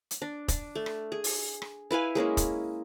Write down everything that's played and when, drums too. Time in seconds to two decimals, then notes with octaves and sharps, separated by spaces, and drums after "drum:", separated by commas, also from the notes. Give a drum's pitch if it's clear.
0.11 drum: hi-hat
0.22 D4
0.48 D4, drum: kick, hi-hat
0.75 A3
0.86 drum: rim click
1.12 G#4
1.24 drum: open hi-hat
1.62 drum: rim click
1.91 E4 B4 F5 G#5
2.15 G#3 A#3 C#4 E4
2.37 drum: kick, hi-hat